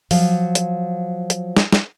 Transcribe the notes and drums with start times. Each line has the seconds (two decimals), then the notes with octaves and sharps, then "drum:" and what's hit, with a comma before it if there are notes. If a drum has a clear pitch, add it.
0.11 F3 F#3 F5, drum: open hi-hat
0.55 drum: hi-hat
1.30 drum: hi-hat
1.57 drum: snare
1.73 drum: snare